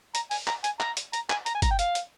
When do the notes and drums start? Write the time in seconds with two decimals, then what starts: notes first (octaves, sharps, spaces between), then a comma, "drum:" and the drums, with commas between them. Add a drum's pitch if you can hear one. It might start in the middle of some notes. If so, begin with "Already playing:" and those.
0.15 A#5, drum: hi-hat
0.31 G#5, drum: open hi-hat
0.47 A#5, drum: clap
0.64 G#5, drum: hi-hat
0.80 A#5, drum: clap
0.97 drum: hi-hat
1.13 A#5, drum: hi-hat
1.30 G#5, drum: clap
1.46 A#5, drum: hi-hat
1.55 G#5
1.62 A#5, drum: kick G1, hi-hat
1.71 G5
1.79 F5, drum: hi-hat
1.95 drum: hi-hat